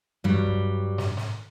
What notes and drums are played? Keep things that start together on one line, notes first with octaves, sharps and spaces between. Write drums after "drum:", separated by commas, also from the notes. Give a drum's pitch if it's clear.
G2 F#3 G3
drum: kick
drum: snare
drum: snare